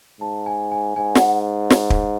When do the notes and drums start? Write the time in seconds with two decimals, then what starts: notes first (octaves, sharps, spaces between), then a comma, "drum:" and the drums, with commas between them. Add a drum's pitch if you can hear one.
0.21 G#2 A5
0.46 G#5
0.72 G#5
0.96 G#2 G#5
1.15 F#5, drum: snare
1.70 drum: snare
1.90 drum: kick